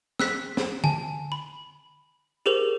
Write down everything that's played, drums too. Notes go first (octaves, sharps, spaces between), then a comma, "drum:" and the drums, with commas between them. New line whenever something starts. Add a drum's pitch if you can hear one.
E6 F#6 B6, drum: snare
drum: snare
G#5 A5, drum: tom D3
B5
G4 G#4 A#4 C5 F7